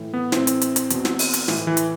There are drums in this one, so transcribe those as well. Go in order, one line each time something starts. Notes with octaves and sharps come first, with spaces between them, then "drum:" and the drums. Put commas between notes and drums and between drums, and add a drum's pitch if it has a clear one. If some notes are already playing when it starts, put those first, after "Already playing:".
Already playing: A2 E3
B3
A2 E3 C4, drum: snare
drum: hi-hat
drum: hi-hat
drum: hi-hat
E2 B2, drum: hi-hat
drum: snare
drum: open hi-hat
drum: hi-hat
A2 E3, drum: snare
E3
drum: hi-hat